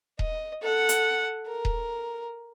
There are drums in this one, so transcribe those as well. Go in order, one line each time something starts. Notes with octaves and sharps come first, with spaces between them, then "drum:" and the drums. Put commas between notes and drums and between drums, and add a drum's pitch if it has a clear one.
D#5, drum: kick D#1
A4 F#5
drum: hi-hat
A#4
drum: kick D#1